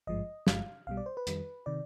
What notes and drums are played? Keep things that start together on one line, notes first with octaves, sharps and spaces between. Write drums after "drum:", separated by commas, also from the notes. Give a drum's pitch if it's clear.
G#1 G2 F3 G#3 D#5
G1 G2 F3 G#3 F5, drum: snare
B1 B2 G3 F5
D5
C5
B4
F2 D#3 G3, drum: hi-hat
C3 D#3 D5